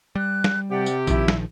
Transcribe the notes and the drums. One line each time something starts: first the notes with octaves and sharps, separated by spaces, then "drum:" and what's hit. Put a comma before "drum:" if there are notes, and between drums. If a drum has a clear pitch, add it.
G3 F#6
drum: snare
C3 G4 D5 F#5
drum: tambourine
A#1 D#3 F3 E4, drum: kick A#1, tambourine
drum: snare